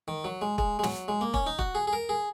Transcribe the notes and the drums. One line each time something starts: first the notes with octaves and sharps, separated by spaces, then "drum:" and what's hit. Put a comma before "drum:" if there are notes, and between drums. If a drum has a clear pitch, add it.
D#3
F#3
G#3
G#3, drum: kick E1
G#3
F#3, drum: snare
G#3
A#3
C#4, drum: kick E1
D#4
F#4, drum: kick E1
G#4
G#4
A#4
G#4